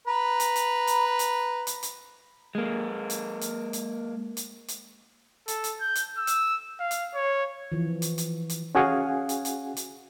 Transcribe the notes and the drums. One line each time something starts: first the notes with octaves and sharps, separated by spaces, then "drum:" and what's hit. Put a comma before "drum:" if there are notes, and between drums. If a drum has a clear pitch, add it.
B4 A#5
drum: hi-hat
drum: hi-hat
drum: hi-hat
drum: hi-hat
drum: hi-hat
drum: hi-hat
G#3 A#3
drum: hi-hat
drum: hi-hat
drum: hi-hat
drum: hi-hat
drum: hi-hat
A4, drum: hi-hat
drum: hi-hat
G6
drum: hi-hat
E6
drum: hi-hat
F5
drum: hi-hat
C#5
E3 F3
drum: hi-hat
drum: hi-hat
drum: hi-hat
C#4 F#4 G#4 F5 F#5 G#5
drum: hi-hat
drum: hi-hat
drum: hi-hat